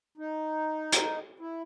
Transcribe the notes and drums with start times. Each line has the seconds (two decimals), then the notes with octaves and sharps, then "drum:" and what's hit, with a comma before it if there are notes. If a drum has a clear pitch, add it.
0.18 D#4
0.92 drum: hi-hat
1.39 E4